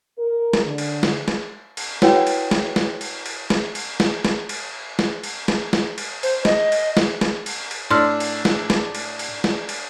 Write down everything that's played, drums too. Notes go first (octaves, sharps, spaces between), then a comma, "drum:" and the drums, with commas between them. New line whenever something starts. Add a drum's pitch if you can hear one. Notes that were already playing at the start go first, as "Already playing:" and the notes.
A#4
drum: snare
D3
drum: cymbal
drum: snare
drum: snare
drum: cymbal
E4 F#4 B4 C#5 F#5 G5, drum: snare
drum: cymbal
drum: snare
drum: snare
drum: cymbal
drum: cymbal
drum: snare
drum: cymbal
drum: snare
drum: snare
drum: cymbal
drum: snare
drum: cymbal
drum: snare
drum: snare
drum: cymbal
C5, drum: cymbal
D#5, drum: snare
drum: cymbal
drum: snare
drum: snare
drum: cymbal
drum: cymbal
A2 D4 C6 E6 F6
drum: cymbal
drum: snare
drum: snare
drum: cymbal
drum: cymbal
drum: snare
drum: cymbal